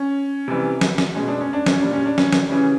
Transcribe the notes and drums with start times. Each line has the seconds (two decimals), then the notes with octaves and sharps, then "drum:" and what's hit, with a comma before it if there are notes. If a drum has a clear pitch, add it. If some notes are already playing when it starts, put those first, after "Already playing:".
Already playing: C#4
0.48 C3 E3 G3
0.81 drum: snare
0.98 drum: snare
1.15 B2 G#3 C#4
1.28 D4
1.41 C#4
1.53 D4
1.66 C#4, drum: snare
1.80 A#2 G3 D4
1.93 C#4
2.06 D4
2.18 C#4, drum: snare
2.33 drum: snare
2.49 C#3 E3 G3 C#4